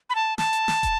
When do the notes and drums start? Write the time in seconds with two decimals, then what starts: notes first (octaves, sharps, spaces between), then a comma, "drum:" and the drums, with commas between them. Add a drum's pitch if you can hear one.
0.10 B5
0.15 A5
0.38 A5, drum: snare
0.53 drum: hi-hat
0.68 drum: snare
0.83 drum: kick, hi-hat